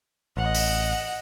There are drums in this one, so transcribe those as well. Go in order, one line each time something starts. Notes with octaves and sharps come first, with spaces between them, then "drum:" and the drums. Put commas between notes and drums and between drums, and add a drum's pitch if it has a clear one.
A1 D#5 F#5
drum: open hi-hat